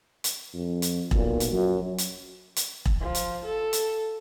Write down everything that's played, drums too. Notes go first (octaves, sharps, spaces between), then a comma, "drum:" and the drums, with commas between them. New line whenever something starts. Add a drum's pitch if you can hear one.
drum: hi-hat
F2
drum: hi-hat
B1 A#2, drum: kick E1
drum: hi-hat
F#2 F#3
drum: hi-hat
drum: hi-hat
drum: kick E1
F3
drum: hi-hat
A4
drum: hi-hat